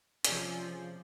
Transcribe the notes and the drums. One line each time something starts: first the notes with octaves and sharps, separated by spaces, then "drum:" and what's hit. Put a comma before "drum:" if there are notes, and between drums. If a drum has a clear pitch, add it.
C3 F3 C#4 G#4 D5 G#5, drum: hi-hat